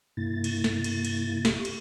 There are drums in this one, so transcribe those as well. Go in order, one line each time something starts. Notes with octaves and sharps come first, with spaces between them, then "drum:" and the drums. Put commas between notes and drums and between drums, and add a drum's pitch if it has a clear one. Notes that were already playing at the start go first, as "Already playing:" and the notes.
G2 C3 A#3 E4 A6
drum: cymbal
drum: snare
drum: cymbal
drum: cymbal
G4 C#6, drum: snare
drum: cymbal